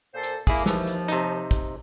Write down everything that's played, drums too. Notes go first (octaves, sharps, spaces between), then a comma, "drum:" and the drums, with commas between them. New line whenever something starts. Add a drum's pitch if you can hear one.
A#2 A4 C5
drum: hi-hat
A#3 E4 G#4, drum: kick, open hi-hat
D#2 E3 F3, drum: snare
drum: hi-hat
C3 D#4, drum: hi-hat
drum: kick, hi-hat